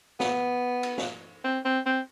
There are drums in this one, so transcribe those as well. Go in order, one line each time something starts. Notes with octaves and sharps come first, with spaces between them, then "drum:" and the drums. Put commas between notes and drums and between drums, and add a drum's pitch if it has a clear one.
B3, drum: snare
drum: cymbal
drum: snare
C4
C4
C4